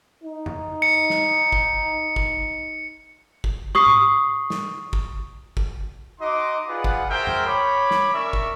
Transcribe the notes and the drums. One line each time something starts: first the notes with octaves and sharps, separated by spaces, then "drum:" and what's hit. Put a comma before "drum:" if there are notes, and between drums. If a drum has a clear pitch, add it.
D#4
drum: tom E2
C#7
drum: snare
drum: kick
drum: kick
drum: kick
C#6 D#6 C7
drum: tom G#2
drum: snare
drum: kick
drum: kick
D#4 F#4 D#5 C6 D6
F4 G#4 B4 D5 F#5
drum: kick
F#4 G#4 A#4 C5 E5 G5
drum: tom E2
C#5 B5 D6
drum: snare
C#4 A#4 D5 E5 C#6
drum: kick